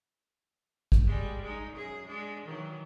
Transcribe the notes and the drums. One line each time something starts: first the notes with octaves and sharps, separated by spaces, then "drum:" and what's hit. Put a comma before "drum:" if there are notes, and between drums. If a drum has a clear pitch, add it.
drum: kick A1
G3 G#3
G#3 D#4
F#2 G#4
G#3 D4
D#3 E3 F#3